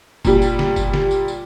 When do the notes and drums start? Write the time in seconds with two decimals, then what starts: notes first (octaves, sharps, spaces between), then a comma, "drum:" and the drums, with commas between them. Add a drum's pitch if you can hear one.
0.25 A#2 G3, drum: kick F#1, tambourine
0.42 drum: tambourine
0.59 drum: snare
0.76 drum: kick F#1, tambourine
0.94 drum: snare
1.11 drum: tambourine
1.28 drum: tambourine